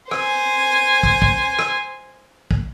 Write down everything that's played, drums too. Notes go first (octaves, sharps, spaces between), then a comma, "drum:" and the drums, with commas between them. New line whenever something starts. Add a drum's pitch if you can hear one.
C5 G#5, drum: rim click
drum: kick
drum: kick
drum: rim click
drum: kick